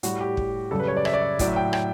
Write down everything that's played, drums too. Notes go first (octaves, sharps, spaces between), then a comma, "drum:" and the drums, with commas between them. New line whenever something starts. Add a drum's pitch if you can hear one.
A2 G3 F#4, drum: hi-hat
G4
drum: kick
F#2 C#3 G3 A4
B4
C#5
D5
E5, drum: rim click
D5
E5
A2 F#3 D5, drum: kick, hi-hat
E5
G5
G5, drum: rim click